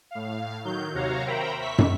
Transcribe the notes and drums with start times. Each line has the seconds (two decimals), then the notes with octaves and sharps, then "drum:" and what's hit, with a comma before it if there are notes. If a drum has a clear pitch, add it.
0.11 A2 F5
0.65 D#3 F#3 G6
0.94 D#2 C3 F#4 C#5 F5 A#5
1.26 A#4 C5 E5 G5 A#5 B5
1.60 E5 C#6 B6
1.78 drum: tom